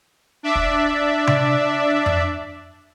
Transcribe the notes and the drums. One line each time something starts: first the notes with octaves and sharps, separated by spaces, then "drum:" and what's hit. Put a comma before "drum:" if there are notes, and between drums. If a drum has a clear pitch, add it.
D4 D5 E5
drum: kick
drum: tom C3
drum: tom F2